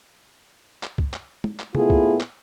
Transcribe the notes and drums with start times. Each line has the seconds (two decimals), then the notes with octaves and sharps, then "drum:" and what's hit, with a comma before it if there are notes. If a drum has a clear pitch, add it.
0.83 drum: clap
0.98 drum: kick
1.14 drum: clap
1.44 drum: tom
1.59 drum: clap
1.75 A#2 A3 B3 E4 F4 G#4, drum: tom C3
1.90 drum: kick
2.20 drum: clap